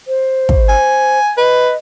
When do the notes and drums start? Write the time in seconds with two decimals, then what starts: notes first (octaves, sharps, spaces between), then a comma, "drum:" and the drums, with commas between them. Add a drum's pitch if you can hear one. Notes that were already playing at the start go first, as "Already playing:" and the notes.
0.07 C5
0.49 drum: kick
0.68 G#5
1.37 B4 D#5